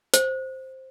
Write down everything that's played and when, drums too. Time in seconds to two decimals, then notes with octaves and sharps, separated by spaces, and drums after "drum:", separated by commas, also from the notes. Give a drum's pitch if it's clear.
0.14 C5, drum: hi-hat